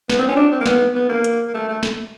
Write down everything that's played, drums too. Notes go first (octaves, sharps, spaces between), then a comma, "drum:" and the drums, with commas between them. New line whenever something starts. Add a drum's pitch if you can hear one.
B3, drum: snare
C4
C#4
D4
C4
A#3
B3, drum: snare
B3
A#3
drum: hi-hat
A#3
A3
A3
drum: snare